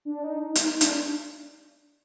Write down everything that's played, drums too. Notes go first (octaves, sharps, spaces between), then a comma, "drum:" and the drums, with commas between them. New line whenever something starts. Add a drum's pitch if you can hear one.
D4
D#4
D#4
D#4, drum: hi-hat
D#4
D4, drum: hi-hat